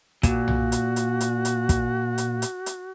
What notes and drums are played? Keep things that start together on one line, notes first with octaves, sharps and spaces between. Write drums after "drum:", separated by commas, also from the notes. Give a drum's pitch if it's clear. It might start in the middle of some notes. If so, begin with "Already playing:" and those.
A#2 F#4, drum: kick, hi-hat
drum: tom B1
drum: hi-hat
drum: hi-hat
drum: hi-hat
drum: hi-hat
drum: kick, hi-hat
drum: hi-hat
drum: hi-hat
drum: hi-hat